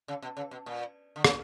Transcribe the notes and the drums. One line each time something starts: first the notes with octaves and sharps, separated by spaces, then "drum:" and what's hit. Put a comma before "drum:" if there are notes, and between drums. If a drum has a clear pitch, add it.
C#3
B2
C#3
B2
A#2
D3
C#3, drum: rim click